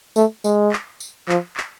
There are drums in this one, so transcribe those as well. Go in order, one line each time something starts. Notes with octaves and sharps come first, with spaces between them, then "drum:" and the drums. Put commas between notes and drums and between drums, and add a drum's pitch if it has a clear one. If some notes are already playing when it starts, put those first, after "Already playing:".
A3, drum: tambourine
G#3, drum: tambourine
drum: clap
drum: tambourine
F3, drum: clap
drum: clap